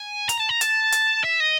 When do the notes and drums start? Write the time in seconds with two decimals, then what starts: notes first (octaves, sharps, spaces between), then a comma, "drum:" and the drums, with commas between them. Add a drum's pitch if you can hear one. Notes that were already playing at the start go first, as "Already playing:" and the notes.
Already playing: G#5
0.29 A#5, drum: hi-hat
0.39 A5
0.49 A#5
0.61 A5, drum: hi-hat
0.92 drum: hi-hat
1.24 E5
1.40 D#5